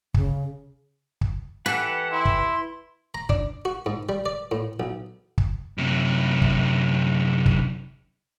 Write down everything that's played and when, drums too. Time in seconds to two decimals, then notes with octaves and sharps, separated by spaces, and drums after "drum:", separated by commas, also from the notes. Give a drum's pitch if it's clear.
0.14 C#3, drum: kick
1.21 drum: kick
1.66 E3 G4 A4 B4 F#5
2.11 E4 C6
2.25 drum: kick
3.15 A#5
3.29 D4, drum: kick
3.65 F#4
3.86 G#2
4.09 G3
4.26 D5
4.51 A2
4.80 B1
5.38 drum: kick
5.78 F#2 C3
6.42 drum: kick
7.46 drum: kick